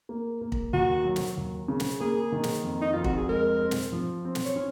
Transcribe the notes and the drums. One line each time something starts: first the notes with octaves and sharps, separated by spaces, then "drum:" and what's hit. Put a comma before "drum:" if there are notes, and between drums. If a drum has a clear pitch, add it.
A#3
A#3
drum: kick
D#2 F#4
F#3
drum: snare
D#2
C#3
drum: snare
A#3 G#4
D#3
drum: snare
F2
D#4
F2 F4
F#4, drum: kick
G#4
G#3 A#4
C4
drum: snare
F3
C4
drum: snare
C#5
C#4